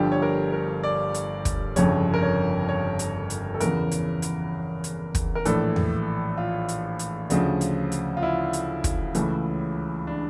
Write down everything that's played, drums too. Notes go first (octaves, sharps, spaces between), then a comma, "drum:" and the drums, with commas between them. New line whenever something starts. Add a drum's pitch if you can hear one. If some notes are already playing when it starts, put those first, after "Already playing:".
Already playing: G1 G2 D3 F3 G4
C#5
A#4
A#4
D5
drum: hi-hat
drum: kick, hi-hat
G1 F2 C#3 C#5, drum: hi-hat
A#4
C#5
C#5
drum: hi-hat
drum: hi-hat
A4
E2 C#3 E3 A#4, drum: hi-hat
drum: hi-hat
drum: hi-hat
drum: hi-hat
drum: kick, hi-hat
A#4
A#1 A2 E3 A4, drum: hi-hat
drum: tom E2
F4
drum: hi-hat
drum: hi-hat
D2 C#3 F3, drum: hi-hat
drum: hi-hat
drum: hi-hat
F4
E4
drum: hi-hat
drum: kick, hi-hat
C#2 C#3 E3 A3, drum: hi-hat
D4